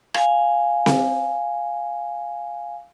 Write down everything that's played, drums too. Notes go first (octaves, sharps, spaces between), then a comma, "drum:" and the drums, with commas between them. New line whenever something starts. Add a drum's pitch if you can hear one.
F5 G#5, drum: rim click
drum: snare C4